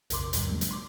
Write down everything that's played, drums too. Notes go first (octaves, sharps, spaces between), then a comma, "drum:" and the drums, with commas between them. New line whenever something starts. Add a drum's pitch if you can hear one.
B1 F2 C#3 A#4 C6 D6, drum: hi-hat
B1 E2 G#2 B2 D#3 G3, drum: hi-hat
C#3 F3 F#3 G#3 A#3 D4
drum: hi-hat
C6 D6